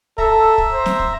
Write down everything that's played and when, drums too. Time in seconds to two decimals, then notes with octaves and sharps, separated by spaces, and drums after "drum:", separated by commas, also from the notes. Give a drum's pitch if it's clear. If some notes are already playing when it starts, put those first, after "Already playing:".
0.18 A4 E5 A#5, drum: kick
0.58 drum: kick
0.72 C5
0.86 drum: snare
0.99 drum: kick